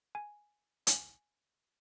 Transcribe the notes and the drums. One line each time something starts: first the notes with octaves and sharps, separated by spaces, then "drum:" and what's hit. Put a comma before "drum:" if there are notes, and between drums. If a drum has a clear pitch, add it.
G#5
G#5, drum: hi-hat